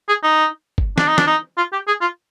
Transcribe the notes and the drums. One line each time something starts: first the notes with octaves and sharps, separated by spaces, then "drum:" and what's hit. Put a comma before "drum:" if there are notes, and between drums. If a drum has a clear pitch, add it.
G#4
D#4
drum: kick G1
D4, drum: snare
D#4
D4, drum: snare
D#4
F4
G4
G#4
F4